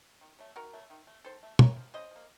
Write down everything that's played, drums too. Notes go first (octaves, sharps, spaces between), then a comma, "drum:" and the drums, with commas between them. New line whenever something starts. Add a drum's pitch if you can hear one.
D#3
F#3 A3
D#3 F#4 A#4
F#3 A3
D#3
A3
D#3 A4 C5
A3
C#3 A#4 C#5, drum: tom
F3 A#3
C#3 C5 D#5
F3 A#3